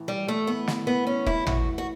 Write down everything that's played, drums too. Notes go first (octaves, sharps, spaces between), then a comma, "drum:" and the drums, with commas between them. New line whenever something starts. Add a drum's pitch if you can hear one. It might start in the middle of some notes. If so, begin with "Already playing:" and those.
Already playing: A2 E3
G3
A3
B3
drum: snare
B3
C#4
E4, drum: kick F1
F#4, drum: tom
F#4